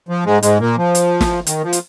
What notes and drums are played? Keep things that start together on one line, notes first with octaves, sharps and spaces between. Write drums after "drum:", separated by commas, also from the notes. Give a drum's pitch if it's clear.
F3
G#2 G#3
G#2 G#3, drum: hi-hat
A#2 A#3
F3
drum: hi-hat
drum: snare
D#3, drum: hi-hat
F3
drum: hi-hat